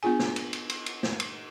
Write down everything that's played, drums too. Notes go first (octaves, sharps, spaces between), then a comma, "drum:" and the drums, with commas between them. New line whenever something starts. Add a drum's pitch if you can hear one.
B3 D4 F4 G#4 G#5
drum: snare
drum: cymbal
drum: cymbal
drum: cymbal
drum: cymbal
drum: snare
drum: cymbal